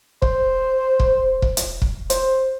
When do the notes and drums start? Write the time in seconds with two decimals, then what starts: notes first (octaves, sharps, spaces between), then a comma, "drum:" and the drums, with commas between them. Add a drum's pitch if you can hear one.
0.22 C5, drum: kick
1.00 drum: kick
1.42 drum: kick
1.57 drum: hi-hat
1.82 drum: kick
2.10 C5, drum: hi-hat